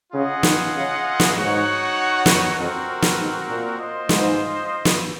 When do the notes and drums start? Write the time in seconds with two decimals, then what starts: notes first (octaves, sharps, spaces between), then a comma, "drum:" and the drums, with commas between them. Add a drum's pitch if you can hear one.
0.12 C#3 F4 G#4 D#5 F#5
0.43 D#3, drum: snare
0.74 C#3
1.20 drum: snare
1.34 G#2 D#4 F#4 C#5 F#5
2.26 F#2, drum: snare
2.57 F2 C4 F#4 A#4
3.02 drum: snare
3.18 G#2
3.48 A#2
3.79 F4 C5 D#5
4.09 G#2, drum: snare
4.85 drum: snare